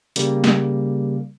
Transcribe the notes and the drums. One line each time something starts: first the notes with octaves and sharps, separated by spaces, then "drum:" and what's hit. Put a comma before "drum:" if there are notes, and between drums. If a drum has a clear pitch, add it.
C#3 G3 A#3, drum: hi-hat
drum: snare